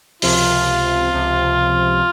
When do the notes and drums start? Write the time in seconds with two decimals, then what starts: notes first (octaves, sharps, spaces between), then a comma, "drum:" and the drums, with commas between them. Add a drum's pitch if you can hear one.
0.22 C#2 C3 F3 F4, drum: open hi-hat
1.12 C#2 C3 F3